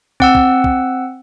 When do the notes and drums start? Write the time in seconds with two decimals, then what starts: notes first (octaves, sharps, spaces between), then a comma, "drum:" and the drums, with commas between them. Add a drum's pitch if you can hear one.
0.20 C4 F#5 E6, drum: kick
0.35 drum: kick
0.64 drum: kick